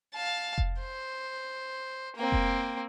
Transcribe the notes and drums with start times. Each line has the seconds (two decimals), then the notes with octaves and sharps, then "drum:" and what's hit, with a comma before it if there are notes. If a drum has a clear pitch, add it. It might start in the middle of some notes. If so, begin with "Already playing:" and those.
0.14 F5 A5
0.58 drum: kick F1
0.79 C5
2.16 A#3 C4
2.32 drum: kick F1